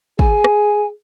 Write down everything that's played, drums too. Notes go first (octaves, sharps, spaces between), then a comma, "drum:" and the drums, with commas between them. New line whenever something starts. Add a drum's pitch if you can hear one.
G#4 G#5, drum: kick
drum: rim click